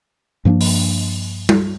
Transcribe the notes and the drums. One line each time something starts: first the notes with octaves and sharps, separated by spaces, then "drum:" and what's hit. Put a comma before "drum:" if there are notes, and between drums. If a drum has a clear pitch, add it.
G2 F3 A#3 D4
drum: open hi-hat
drum: tom G3